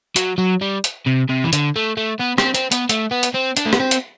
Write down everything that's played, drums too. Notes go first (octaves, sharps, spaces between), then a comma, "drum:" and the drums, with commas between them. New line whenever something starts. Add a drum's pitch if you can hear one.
F#3, drum: hi-hat
F#3
G3
drum: hi-hat
C3
C3
E3
D3, drum: hi-hat
A3
A3
B3
C4, drum: rim click
C4, drum: hi-hat
B3, drum: hi-hat
A3, drum: hi-hat
B3
drum: hi-hat
C4
D4, drum: hi-hat
A3
B3, drum: rim click
C4
drum: hi-hat